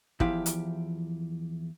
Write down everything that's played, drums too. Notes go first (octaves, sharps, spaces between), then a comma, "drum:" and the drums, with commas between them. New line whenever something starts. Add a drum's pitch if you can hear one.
E2 F3 E4 G4 F5, drum: kick
drum: hi-hat